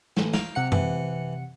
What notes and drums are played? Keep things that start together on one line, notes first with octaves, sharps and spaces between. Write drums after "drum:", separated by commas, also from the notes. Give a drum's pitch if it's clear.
A1, drum: snare
F5 G5 A#5, drum: snare
C3 F#5 C#7
E3, drum: tom F#2